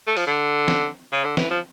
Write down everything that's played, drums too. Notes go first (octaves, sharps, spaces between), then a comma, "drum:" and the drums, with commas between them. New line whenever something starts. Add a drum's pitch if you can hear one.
A3
F3, drum: open hi-hat
D3
drum: snare
C#3
D3
E3, drum: snare
F3